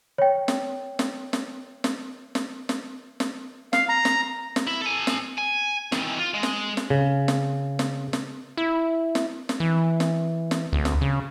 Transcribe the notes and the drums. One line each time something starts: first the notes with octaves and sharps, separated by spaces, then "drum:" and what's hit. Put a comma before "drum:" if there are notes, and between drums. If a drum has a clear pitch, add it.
C#5 G5
drum: snare
drum: snare
drum: snare
drum: snare
drum: snare
drum: snare
drum: snare
F5, drum: snare
A#5
drum: snare
drum: snare
E4
A4 G#5
drum: snare
G#5
D#3 E3, drum: snare
F4
G#3
drum: snare
drum: snare
C#3
drum: snare
drum: snare
drum: snare
E4
drum: snare
drum: snare
E3
drum: snare
drum: snare
D2
drum: snare
C#3